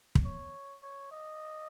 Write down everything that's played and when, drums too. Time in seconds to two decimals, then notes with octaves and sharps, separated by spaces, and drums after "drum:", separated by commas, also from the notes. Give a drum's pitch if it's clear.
0.15 drum: kick
0.24 C#5
0.82 C#5
1.11 D#5